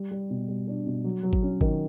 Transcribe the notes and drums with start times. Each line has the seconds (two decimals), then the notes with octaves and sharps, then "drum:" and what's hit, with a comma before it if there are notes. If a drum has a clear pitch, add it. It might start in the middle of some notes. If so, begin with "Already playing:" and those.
Already playing: G3
0.11 G3
0.30 B2
0.48 G3
0.67 D4
0.86 B2
1.04 F#3
1.23 F#3
1.33 drum: kick G#1
1.42 C#4
1.61 D#3, drum: kick G#1